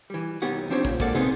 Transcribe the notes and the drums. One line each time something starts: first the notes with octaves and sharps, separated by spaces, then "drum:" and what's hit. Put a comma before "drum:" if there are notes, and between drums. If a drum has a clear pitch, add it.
E3 G3
C2 B3 D#4 G4 C#5 F#5
F3 C4 D4 G4 C5 C#5
C#2 A#2 C#3, drum: kick
G#3 A#3 A4 D5 F#5, drum: kick
B3 C4 D#4 G#4, drum: tom